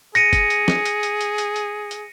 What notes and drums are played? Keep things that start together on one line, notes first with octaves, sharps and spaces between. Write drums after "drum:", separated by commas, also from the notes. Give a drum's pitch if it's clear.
G#4 A#6 C#7 D#7, drum: hi-hat
drum: kick, hi-hat
drum: hi-hat
drum: snare
drum: hi-hat
drum: hi-hat
drum: hi-hat
drum: hi-hat
drum: hi-hat
drum: hi-hat